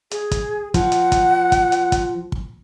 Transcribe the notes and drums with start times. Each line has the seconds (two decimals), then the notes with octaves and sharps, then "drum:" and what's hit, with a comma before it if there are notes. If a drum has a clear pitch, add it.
0.11 G#4, drum: hi-hat
0.31 drum: kick, hi-hat
0.74 F3 F#5, drum: kick, hi-hat
0.92 drum: hi-hat
1.12 drum: kick, hi-hat
1.52 drum: kick, hi-hat
1.72 drum: hi-hat
1.92 drum: kick, hi-hat
2.32 drum: kick